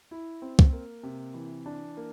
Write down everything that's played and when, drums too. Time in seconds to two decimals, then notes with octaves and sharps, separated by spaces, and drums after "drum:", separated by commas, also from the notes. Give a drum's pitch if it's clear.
0.11 E4
0.42 C4
0.59 drum: kick
0.73 A#3
1.03 C3
1.34 E3
1.66 D4
1.97 A#3